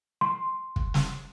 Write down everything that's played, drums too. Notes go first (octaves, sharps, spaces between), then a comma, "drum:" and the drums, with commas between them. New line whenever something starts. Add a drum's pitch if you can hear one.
C6
drum: kick
drum: snare